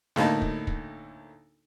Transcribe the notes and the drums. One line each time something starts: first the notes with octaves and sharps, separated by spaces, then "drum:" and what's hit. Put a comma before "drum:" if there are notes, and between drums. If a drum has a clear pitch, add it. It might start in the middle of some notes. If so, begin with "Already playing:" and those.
D2 A2 A#3 D#4 A5, drum: snare
drum: kick
drum: kick